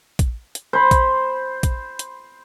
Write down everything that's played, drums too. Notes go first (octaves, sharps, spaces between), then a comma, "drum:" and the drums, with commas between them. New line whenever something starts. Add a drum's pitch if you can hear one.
drum: kick, hi-hat
drum: hi-hat
C5 B5
drum: kick, hi-hat
drum: kick, hi-hat
drum: hi-hat